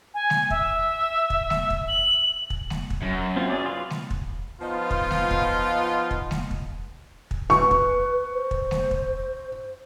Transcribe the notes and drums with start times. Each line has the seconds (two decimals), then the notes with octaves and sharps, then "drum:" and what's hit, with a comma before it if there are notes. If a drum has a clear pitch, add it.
0.14 G#5
0.30 drum: snare G#3
0.50 E5, drum: kick
1.30 drum: kick
1.50 drum: snare G#3
1.70 drum: kick
1.88 F#7
2.50 drum: kick
2.70 drum: snare G#3
2.90 drum: kick
3.03 F#2
3.36 C4 C#4 F4
3.50 G#4 D5
3.66 F4 B4
3.90 drum: snare G#3
4.10 drum: kick
4.61 F3 B3 D#4 F4
4.91 drum: kick
5.11 drum: snare G#3
5.31 drum: kick
6.11 drum: kick
6.31 drum: snare G#3
6.51 drum: kick
7.31 drum: kick
7.50 B4 C#6, drum: snare G#3
7.71 drum: kick
8.31 C5
8.51 drum: kick
8.71 drum: snare G#3
8.91 drum: kick